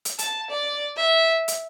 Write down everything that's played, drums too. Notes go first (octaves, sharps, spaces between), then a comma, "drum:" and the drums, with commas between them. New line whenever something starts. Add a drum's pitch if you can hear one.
drum: hi-hat
A5, drum: hi-hat
D5
E5
drum: hi-hat